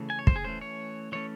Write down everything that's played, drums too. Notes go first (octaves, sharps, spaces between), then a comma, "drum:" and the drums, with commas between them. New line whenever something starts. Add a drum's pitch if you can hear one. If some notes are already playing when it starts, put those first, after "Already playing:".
Already playing: C#3 E3 A3
G#5
C#5
C5, drum: kick
G#4
E3 A3 C#4 C5
C#5
E3 A3 C#4 C#5